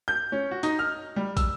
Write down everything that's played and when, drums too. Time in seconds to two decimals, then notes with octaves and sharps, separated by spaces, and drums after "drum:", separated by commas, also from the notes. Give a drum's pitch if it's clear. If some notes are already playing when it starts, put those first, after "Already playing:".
0.08 G6
0.32 C#4
0.51 F#4
0.63 D#4, drum: hi-hat
0.79 F6
1.16 G3
1.37 E6, drum: kick, hi-hat